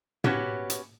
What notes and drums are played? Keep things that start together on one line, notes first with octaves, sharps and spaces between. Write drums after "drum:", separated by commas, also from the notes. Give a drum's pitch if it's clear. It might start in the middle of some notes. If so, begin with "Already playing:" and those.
B3 C#4 F#4 G4 C#5, drum: tom
drum: hi-hat